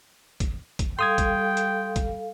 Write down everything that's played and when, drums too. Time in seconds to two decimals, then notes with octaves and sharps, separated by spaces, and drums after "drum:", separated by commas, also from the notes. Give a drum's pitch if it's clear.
0.40 drum: kick, hi-hat
0.79 drum: kick, hi-hat
0.99 G3 A4 F5 G5 C6 D#6 G#6
1.18 drum: kick, hi-hat
1.57 drum: hi-hat
1.96 drum: kick, hi-hat